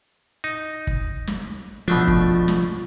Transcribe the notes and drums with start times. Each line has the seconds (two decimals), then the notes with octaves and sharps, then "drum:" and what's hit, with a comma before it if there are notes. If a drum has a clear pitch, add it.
0.44 D#4
0.87 drum: kick
1.27 drum: snare
1.88 B2 F3 A3 D4
2.08 drum: kick
2.48 drum: snare